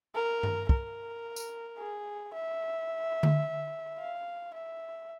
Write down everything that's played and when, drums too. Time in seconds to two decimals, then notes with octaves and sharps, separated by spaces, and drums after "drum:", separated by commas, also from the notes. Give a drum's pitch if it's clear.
0.15 A#4
0.43 drum: tom G2
0.69 A#4, drum: kick
1.36 drum: tambourine
1.79 G#4
2.34 E5
3.23 drum: tom D3
3.98 F5
4.53 E5